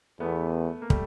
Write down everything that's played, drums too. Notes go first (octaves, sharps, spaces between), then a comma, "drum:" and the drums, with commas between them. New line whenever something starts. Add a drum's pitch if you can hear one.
E2 A3 B3
A#3
G3 A3, drum: kick